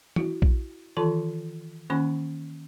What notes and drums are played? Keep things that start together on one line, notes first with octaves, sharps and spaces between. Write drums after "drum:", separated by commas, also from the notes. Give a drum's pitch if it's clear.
E4 F#4, drum: tom
drum: kick A#1
D#3 E3 F4 A4 A5 C6
D#3 A#3 C#4 G#5 B5 C#6